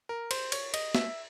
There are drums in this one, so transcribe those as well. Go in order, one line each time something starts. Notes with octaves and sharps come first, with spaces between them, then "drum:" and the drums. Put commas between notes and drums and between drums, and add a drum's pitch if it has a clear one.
A#4
C5, drum: cymbal
C#5, drum: cymbal
D#5, drum: cymbal
E5, drum: snare